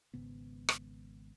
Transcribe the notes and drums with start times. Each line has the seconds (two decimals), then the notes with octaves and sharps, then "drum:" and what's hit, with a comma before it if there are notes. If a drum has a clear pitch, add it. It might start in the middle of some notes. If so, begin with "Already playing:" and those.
0.14 G#1 G#2 C#3 B3
0.69 drum: rim click